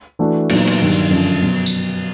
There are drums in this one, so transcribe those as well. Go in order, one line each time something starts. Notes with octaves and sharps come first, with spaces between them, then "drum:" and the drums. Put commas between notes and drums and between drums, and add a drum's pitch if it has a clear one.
E3 A3 D4 F#4
A#2 F#3 B3 D#4, drum: cymbal
drum: cymbal
G2 D#3 F#3 B3
F#2 D3 F3
B2 F#3 B3
drum: tambourine